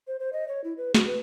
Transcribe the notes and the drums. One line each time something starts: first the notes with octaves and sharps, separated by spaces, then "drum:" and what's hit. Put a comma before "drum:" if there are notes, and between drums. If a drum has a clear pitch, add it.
C5
C5
D#5
C#5
E4
B4
F#4, drum: snare
B4